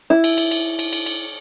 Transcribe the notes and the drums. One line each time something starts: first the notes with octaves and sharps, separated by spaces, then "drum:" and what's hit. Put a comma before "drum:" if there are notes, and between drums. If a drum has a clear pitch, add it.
E4
drum: cymbal
drum: cymbal
drum: cymbal
drum: cymbal
drum: cymbal
drum: cymbal